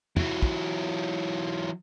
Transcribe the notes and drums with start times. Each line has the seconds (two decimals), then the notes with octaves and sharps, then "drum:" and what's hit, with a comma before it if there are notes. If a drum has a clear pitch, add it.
0.17 E3 F#3, drum: tom E2
0.42 drum: kick